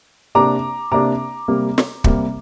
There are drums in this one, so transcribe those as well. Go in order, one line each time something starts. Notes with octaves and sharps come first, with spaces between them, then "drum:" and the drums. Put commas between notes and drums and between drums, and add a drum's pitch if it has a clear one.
C3 A#3 D4 G4 A#5 D6
C3 A#3 D4 G4 A#5 D6
C3 G3 A#3
drum: snare
C3 G3 A#3, drum: kick